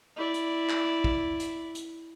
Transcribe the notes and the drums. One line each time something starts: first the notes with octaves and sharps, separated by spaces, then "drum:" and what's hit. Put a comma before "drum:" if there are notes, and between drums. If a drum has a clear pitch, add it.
E4 D5
drum: hi-hat
drum: clap
drum: kick
drum: hi-hat
drum: hi-hat